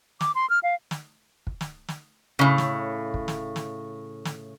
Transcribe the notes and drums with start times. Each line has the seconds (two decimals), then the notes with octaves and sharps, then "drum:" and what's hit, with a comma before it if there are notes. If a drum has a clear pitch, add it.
0.21 D6, drum: snare
0.35 C6
0.50 F6
0.63 F5
0.91 drum: snare
1.47 drum: kick
1.61 drum: snare
1.88 drum: snare
2.39 A2 C#3
2.58 drum: snare
3.14 drum: kick
3.28 drum: snare
3.56 drum: snare
4.25 drum: snare